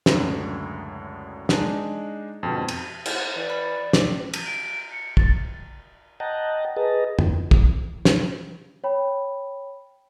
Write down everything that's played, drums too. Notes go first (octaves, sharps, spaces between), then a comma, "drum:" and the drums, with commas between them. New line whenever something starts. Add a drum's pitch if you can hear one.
C#2 F#2 A2 D3, drum: snare
G#3 D4 D#4, drum: snare
F2 G#2 B2 D3
drum: cymbal
drum: cymbal
E3 D5
B5
A1 D6, drum: snare
drum: cymbal
D7
C#7
A6, drum: kick
D#5 F#5 G5 A5 A#5
G#4 B4 D#5 A5 A#5
E3, drum: tom
drum: kick
drum: snare
C#5 G5 B5